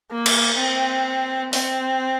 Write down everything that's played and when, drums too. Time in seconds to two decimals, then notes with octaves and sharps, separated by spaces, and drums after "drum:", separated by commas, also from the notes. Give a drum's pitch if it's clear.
0.11 A#3
0.26 drum: cymbal
0.58 C4
1.53 C4, drum: open hi-hat